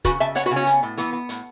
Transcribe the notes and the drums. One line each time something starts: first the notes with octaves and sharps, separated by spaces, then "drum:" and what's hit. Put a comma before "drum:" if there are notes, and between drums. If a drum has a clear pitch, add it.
C#3 F#4 B4, drum: kick, hi-hat
C#3 E5 A5
B3 C#5 F#5, drum: hi-hat
F#4 B4
C#3
C#4 F#4
B3, drum: hi-hat
A2
E3 B3, drum: hi-hat
B3
A2, drum: hi-hat